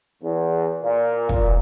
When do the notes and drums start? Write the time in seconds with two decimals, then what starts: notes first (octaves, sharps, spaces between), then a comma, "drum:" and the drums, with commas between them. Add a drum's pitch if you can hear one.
0.21 E2
0.83 A#2
1.29 A#2, drum: kick